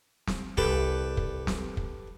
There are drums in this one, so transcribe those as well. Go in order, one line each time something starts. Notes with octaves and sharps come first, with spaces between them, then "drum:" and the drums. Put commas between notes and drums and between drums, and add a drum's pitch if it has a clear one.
drum: snare
C2 G4 A4 B4, drum: kick
drum: kick
drum: snare
drum: kick